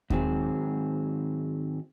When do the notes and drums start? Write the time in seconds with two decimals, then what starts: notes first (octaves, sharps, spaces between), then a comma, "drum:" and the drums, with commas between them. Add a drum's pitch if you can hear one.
0.10 G#2 D#3 F#3 C4 G#4, drum: kick D#2